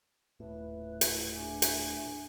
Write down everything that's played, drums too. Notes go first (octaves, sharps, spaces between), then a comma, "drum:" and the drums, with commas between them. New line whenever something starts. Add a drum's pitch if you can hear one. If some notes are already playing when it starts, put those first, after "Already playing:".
D#1 A2 B4 E5
E4, drum: hi-hat
D4 G#4 E5 G#5
drum: hi-hat